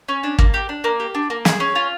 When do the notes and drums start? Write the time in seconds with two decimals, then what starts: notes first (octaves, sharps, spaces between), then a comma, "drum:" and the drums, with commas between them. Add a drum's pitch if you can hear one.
0.08 C#4
0.23 D4
0.39 A#3, drum: kick
0.54 G4
0.69 D4
0.84 A#3
1.00 G4
1.15 D4
1.30 A#3
1.45 G#4, drum: snare
1.60 C#4
1.75 F4